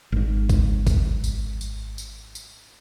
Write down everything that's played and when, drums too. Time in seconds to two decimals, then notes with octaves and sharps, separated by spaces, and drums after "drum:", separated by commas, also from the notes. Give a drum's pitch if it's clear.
0.12 G#1 G#2
0.49 drum: kick B1, tambourine
0.87 drum: kick B1, tambourine
1.24 drum: tambourine
1.61 drum: tambourine
1.98 drum: tambourine
2.35 drum: tambourine